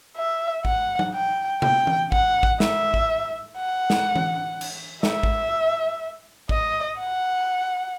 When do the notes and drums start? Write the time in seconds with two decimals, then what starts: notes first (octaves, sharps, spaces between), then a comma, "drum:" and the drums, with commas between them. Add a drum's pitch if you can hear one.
0.17 E5
0.65 F#5, drum: kick
0.99 drum: tom F#3
1.15 G5
1.62 G5, drum: tom C3
1.87 drum: tom E3
2.12 F#5, drum: kick
2.43 drum: kick
2.60 E5, drum: snare
2.94 drum: kick
3.57 F#5
3.90 drum: snare
4.16 drum: tom E3
4.61 drum: cymbal
5.03 E5, drum: snare
5.23 drum: kick
6.49 D#5, drum: kick
6.99 F#5